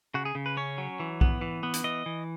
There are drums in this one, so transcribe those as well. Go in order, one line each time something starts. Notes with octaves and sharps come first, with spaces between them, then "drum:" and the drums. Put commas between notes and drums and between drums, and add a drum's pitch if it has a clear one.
C#3 F#4
G#4
C#3
B4
C#4 C#5
F#3
E3
B3, drum: kick B1
E3
B3
drum: hi-hat
E3 D#5
E3